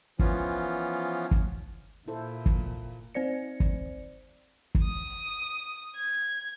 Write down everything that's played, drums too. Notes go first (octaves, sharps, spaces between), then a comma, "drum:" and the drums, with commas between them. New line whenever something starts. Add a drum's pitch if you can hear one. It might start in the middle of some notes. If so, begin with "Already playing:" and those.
E3 F3 B3 C#4 F4, drum: kick
drum: kick
A#2 E4 A4 C5
drum: kick
C4 C5 D5 C#7
drum: kick
drum: kick
D#6
G#6